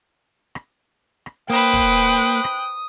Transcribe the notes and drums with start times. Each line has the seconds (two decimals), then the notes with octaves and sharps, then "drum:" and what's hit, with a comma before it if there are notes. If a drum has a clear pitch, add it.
0.55 drum: rim click
1.26 drum: rim click
1.50 A#3 B4 C5 G5 D#6 F#6
1.73 drum: kick
2.44 drum: rim click